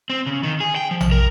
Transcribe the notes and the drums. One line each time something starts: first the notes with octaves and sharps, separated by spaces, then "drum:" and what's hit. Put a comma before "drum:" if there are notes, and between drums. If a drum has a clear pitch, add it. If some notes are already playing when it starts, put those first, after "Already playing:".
C4
C#3
D#3
G#4
G5
F3
drum: tom A#1
A#4